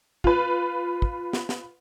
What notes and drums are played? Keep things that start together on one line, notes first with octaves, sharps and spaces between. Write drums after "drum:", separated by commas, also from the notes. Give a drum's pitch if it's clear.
F4 B4, drum: kick
drum: kick
drum: snare
drum: snare